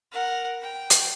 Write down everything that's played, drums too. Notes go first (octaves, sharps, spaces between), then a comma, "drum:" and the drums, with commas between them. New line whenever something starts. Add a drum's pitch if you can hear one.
A#4 F#5
G5
drum: hi-hat